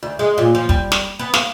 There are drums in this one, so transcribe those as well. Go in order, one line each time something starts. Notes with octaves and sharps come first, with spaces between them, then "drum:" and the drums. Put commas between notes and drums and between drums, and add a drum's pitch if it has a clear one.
D2
G#3
A#2
F3
G3, drum: kick
drum: snare
B3
F5, drum: snare